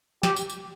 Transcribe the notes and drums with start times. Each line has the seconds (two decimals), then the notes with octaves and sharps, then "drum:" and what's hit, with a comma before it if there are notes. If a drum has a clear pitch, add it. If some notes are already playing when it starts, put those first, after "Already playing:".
0.23 G4, drum: snare
0.36 drum: tambourine
0.49 drum: tambourine